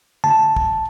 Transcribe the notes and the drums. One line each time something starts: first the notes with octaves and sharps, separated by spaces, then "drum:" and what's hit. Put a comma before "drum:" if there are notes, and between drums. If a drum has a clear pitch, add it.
A5, drum: tom C#3
drum: kick